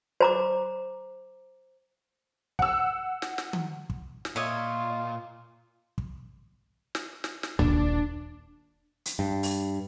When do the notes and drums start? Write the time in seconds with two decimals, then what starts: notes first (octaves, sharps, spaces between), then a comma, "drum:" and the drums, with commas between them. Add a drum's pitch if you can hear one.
0.21 C5 A#5 D6
2.59 F#5 E6, drum: kick
3.22 drum: snare
3.38 drum: snare
3.53 drum: tom D#3
3.90 drum: kick
4.25 drum: snare
4.36 A#2 F4 C#5 D#5 E5
5.98 drum: kick
6.95 drum: snare
7.24 drum: snare
7.43 drum: snare
7.59 D#1 D4, drum: tom A#1
9.06 drum: hi-hat
9.19 G2
9.43 drum: open hi-hat